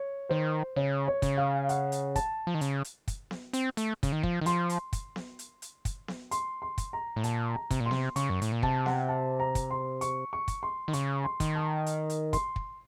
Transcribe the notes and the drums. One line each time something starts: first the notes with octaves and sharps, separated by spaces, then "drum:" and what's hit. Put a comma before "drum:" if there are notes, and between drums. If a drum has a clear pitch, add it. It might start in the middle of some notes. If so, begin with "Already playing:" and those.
Already playing: C#5
D#3 C5
C#3 C#5
C#5
C#3, drum: kick, hi-hat
F5
F#5, drum: hi-hat
drum: hi-hat
A5, drum: kick, hi-hat
F3
D#3
C#3, drum: hi-hat
drum: hi-hat
drum: kick, hi-hat
drum: snare B3
C4, drum: hi-hat
A3, drum: hi-hat
C#3, drum: kick, hi-hat
D#3
F3, drum: kick
D#3
F3 C6, drum: hi-hat
drum: hi-hat
drum: kick, hi-hat
drum: snare B3
drum: hi-hat
drum: hi-hat
drum: kick, hi-hat
drum: snare B3
C6, drum: hi-hat
C6
drum: kick, hi-hat
A#5
A2
A#2 A5, drum: hi-hat
A#5
C3, drum: kick, hi-hat
A#2
C6
C3, drum: snare B3
C#3 C#6, drum: hi-hat
F#2
A2, drum: hi-hat
A#2
C3 A5, drum: kick
F#5, drum: snare B3
A5
A#5
drum: kick, hi-hat
C6
C#6, drum: hi-hat
C#6
drum: kick, hi-hat
C6
D#3
C#3 C#6, drum: hi-hat
C6
D#3, drum: kick, hi-hat
A5
drum: hi-hat
drum: hi-hat
C6, drum: kick, hi-hat
drum: kick